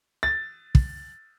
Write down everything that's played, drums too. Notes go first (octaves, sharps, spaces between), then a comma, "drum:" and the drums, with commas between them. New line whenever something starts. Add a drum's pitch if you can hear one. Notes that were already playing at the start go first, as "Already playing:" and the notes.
A6
drum: kick